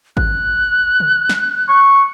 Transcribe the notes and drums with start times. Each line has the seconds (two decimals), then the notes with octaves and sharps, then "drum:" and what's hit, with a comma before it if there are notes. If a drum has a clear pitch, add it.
0.17 F#6, drum: kick G#1
1.00 drum: tom C#3
1.29 drum: snare
1.69 C#6